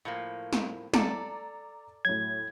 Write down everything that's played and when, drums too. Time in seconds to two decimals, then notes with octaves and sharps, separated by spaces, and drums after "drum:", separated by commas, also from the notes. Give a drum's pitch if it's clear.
0.05 A2 F3 A#3
0.53 drum: snare
0.93 A4 D5 A#5 D6 A6, drum: snare
2.05 A2 F#3 G#6